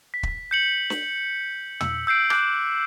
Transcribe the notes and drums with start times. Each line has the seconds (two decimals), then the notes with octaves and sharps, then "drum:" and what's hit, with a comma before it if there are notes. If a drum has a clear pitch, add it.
0.14 B6
0.23 drum: kick
0.51 G6 C#7 F#7
0.90 drum: snare
1.81 E6, drum: tom
2.07 E6 G6 C7 D7
2.30 D6 F#6 G6, drum: rim click